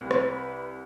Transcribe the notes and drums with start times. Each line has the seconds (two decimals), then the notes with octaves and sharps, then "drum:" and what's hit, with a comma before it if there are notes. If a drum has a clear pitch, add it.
0.01 C2 B4
0.11 drum: rim click